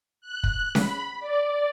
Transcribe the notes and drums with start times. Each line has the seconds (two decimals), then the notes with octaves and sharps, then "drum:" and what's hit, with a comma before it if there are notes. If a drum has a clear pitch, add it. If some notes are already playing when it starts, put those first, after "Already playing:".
0.21 F#6
0.43 drum: kick
0.75 B5, drum: snare C#4
1.20 D5